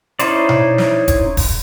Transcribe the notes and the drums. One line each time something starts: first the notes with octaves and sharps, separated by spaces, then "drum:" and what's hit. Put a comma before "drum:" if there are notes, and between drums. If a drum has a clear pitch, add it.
C#4 D#4 E4 C5 D5, drum: hi-hat
drum: tom B2
drum: snare
drum: kick E1, hi-hat
drum: kick E1, open hi-hat